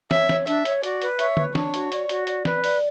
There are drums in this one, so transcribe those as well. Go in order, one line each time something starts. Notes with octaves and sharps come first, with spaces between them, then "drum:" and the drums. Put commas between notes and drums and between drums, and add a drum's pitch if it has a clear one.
C#5 E5, drum: snare
C#5, drum: snare
D4 E5, drum: hi-hat
C#5, drum: hi-hat
F#4 D5, drum: hi-hat
B4, drum: hi-hat
C#5 E5, drum: hi-hat
B4, drum: tom D3
D4 C#5, drum: snare
F#4, drum: hi-hat
D5, drum: hi-hat
F#4, drum: hi-hat
D5, drum: hi-hat
B4, drum: snare
D5, drum: open hi-hat